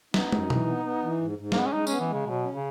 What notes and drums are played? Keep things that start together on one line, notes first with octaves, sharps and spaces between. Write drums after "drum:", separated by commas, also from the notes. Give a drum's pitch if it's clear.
B3 D#4, drum: snare
F#2, drum: tom
E3, drum: tom B2
B3
B3
E3
G#2
G#2
A#3, drum: snare
G#3 B3
C#4
G#3 D#4
B3 C#4, drum: tambourine
E3
C#3 G#3
B2 F#3
C#4
C#3